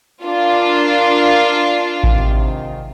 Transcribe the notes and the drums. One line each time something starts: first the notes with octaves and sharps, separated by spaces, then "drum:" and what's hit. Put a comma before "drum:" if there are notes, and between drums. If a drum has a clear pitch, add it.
D4 F4 A#4
G#2 C3 D#3, drum: kick A1